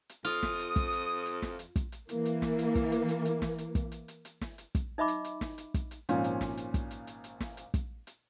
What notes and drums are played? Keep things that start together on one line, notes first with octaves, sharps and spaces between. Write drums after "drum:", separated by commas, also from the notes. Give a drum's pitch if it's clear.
drum: hi-hat
F2 F4 D#6, drum: hi-hat
drum: snare
drum: hi-hat
drum: kick, hi-hat
drum: hi-hat
drum: hi-hat
drum: snare
drum: hi-hat
drum: kick, hi-hat
drum: hi-hat
E3 A#3, drum: hi-hat
drum: hi-hat
drum: snare
drum: hi-hat
drum: kick, hi-hat
drum: hi-hat
drum: hi-hat
drum: hi-hat
drum: snare
drum: hi-hat
drum: kick, hi-hat
drum: hi-hat
drum: hi-hat
drum: hi-hat
drum: snare
drum: hi-hat
drum: kick, hi-hat
D#4 D#5 E5 B5 D6
drum: hi-hat
drum: hi-hat
drum: snare
drum: hi-hat
drum: kick, hi-hat
drum: hi-hat
G#1 A#2 F3 C#4, drum: hi-hat
drum: hi-hat
drum: snare
drum: hi-hat
drum: kick, hi-hat
drum: hi-hat
drum: hi-hat
drum: hi-hat
drum: snare
drum: hi-hat
drum: kick, hi-hat
drum: hi-hat